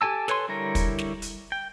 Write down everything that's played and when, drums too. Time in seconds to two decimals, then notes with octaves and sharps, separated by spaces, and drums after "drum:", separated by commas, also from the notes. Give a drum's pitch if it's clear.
0.01 G4 A4 G#5 A5 E6
0.28 A4 B4 C#5 G#5 C6, drum: snare
0.48 D3 G3 E4 A#4 C#5
0.75 drum: kick, hi-hat
0.98 drum: snare
1.22 drum: hi-hat
1.52 G5